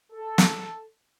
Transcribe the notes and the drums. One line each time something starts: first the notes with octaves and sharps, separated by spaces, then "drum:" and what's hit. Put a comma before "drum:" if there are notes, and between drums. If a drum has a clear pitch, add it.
A4
drum: snare